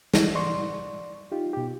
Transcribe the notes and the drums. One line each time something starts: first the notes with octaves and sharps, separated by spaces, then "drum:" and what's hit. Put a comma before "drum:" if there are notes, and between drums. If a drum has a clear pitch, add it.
G#3 G#4, drum: snare
D5 C6 C#6
D#4 F4 G4
B2 G4